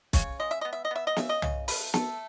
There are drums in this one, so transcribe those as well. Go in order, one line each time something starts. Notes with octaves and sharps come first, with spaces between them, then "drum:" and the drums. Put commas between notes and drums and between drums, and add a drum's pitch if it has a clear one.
C#3 C#5, drum: kick, hi-hat
G#3 D#5
E5
B3 D#5
E5
D#5
B3 E5
D#5
C#3 E5, drum: snare
D#5
C#3, drum: tom
A3 B4, drum: open hi-hat
A3 A4, drum: snare